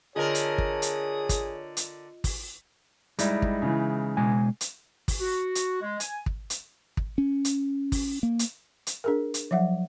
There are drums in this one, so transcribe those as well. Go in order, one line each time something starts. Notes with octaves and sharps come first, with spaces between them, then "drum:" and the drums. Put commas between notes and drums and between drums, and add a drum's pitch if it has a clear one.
D3 F4 G#4 A#4 C#5 D#5 A#6
drum: hi-hat
drum: kick
drum: hi-hat
drum: kick, hi-hat
drum: hi-hat
drum: kick, open hi-hat
G3 G#3 D#4 E4, drum: hi-hat
drum: kick
C#3 E3
B2 G#3 G#5
drum: hi-hat
drum: kick, open hi-hat
F#4
drum: hi-hat
G#3
G#5, drum: hi-hat
drum: kick
drum: hi-hat
drum: kick
C#4
drum: hi-hat
drum: kick, open hi-hat
A#3
drum: hi-hat
drum: hi-hat
D4 G#4 A#4
drum: hi-hat
F3 F#3 E5 F#5